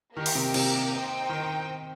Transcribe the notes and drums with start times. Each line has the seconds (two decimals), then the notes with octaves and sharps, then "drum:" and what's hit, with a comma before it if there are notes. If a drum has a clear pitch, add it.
0.17 D#3 A#3 D#4 G4 A#4
0.26 drum: open hi-hat
0.35 C3
0.54 C3, drum: cymbal
0.91 D#4 C5 G5
1.29 D#3